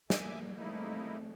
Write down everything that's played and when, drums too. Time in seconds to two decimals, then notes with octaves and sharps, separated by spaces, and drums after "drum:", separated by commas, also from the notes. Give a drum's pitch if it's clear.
0.10 A#3 E5 G#5 D6, drum: snare
0.57 A3 A#3 C4 D#4 E4